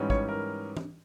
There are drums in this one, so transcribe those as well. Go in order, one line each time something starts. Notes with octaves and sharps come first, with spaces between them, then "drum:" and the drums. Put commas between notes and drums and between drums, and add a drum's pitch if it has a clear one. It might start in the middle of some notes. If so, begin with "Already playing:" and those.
Already playing: G#2 E3 G3 C#4
C#5, drum: kick
A#4
drum: tom